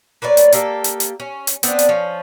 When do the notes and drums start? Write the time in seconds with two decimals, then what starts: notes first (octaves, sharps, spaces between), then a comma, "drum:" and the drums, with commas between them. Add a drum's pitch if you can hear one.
0.22 A#3 B4 C#5 D5
0.37 drum: hi-hat
0.52 A#3 G4 A4, drum: hi-hat
0.84 drum: hi-hat
1.00 drum: hi-hat
1.20 C#4
1.47 drum: hi-hat
1.63 B3 C4 D4, drum: hi-hat
1.79 drum: hi-hat
1.89 F3 C#4